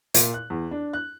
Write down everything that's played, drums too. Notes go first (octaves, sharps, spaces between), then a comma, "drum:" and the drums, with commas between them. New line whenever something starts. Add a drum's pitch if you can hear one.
A#2, drum: hi-hat
F#6
E2
D4
F#6